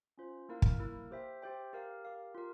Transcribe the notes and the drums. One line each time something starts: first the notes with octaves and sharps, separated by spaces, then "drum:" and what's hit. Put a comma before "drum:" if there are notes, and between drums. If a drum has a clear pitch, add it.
C#4 F4 C5
A#3 E4 A#4 F5
drum: kick
A#3 E4 A#4 F5
G4 C5 E5 G5
G4 C5 E5 G5
G4 A#4 F5
G4 A#4 F5
F4 A#4